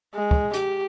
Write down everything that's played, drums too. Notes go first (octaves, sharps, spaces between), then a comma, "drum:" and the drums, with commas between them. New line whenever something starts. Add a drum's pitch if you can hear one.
G#3
drum: kick
G4, drum: hi-hat